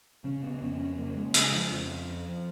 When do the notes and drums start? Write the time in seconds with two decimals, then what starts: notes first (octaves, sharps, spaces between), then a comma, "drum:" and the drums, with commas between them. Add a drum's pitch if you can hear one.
0.24 C#3 C#4
0.44 B3
0.54 B3
0.62 F2 C#4
0.80 C#4
0.98 C#3 A#3
1.16 G#3
1.34 C#3, drum: hi-hat
1.52 F3
1.70 F2 F3